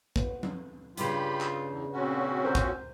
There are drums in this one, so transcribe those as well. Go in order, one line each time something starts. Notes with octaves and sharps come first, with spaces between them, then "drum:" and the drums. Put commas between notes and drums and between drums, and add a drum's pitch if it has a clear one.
B3, drum: kick
drum: tom F3
G2 C#3 F4 G4 B5, drum: hi-hat
drum: clap
E2
A#2 C4 C#4 F#4
A#4 C5
drum: kick